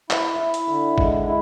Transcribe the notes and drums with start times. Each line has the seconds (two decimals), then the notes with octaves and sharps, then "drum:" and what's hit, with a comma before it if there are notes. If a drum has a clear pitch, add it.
0.10 E4, drum: clap
0.39 E4
0.54 drum: hi-hat
0.69 D3
0.98 G#3, drum: kick G#1
1.27 E4